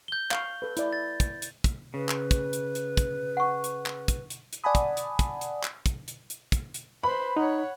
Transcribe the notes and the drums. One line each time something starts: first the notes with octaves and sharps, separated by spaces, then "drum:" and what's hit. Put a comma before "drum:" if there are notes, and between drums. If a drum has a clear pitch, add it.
G6 G7
F5 C#6, drum: clap
A4 B4
E4 D5, drum: hi-hat
A6
drum: kick, hi-hat
drum: hi-hat
drum: kick, hi-hat
C#3 B4
drum: clap
drum: kick, hi-hat
drum: hi-hat
drum: hi-hat
drum: kick, hi-hat
F#5 C#6
drum: hi-hat
drum: clap
drum: kick, hi-hat
drum: hi-hat
drum: hi-hat
D5 F#5 G#5 A5 B5 D#6
drum: kick, hi-hat
drum: hi-hat
drum: kick, hi-hat
drum: hi-hat
drum: clap
drum: kick, hi-hat
drum: hi-hat
drum: hi-hat
drum: kick, hi-hat
drum: hi-hat
B4 C5 B5
D#4 C#5 F#5